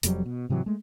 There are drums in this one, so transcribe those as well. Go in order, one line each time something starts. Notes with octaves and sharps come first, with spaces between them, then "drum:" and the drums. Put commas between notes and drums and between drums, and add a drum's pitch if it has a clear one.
F1 F2 F#3 G3, drum: hi-hat
B2
G#2 C3 E3 F#3
G#3 A3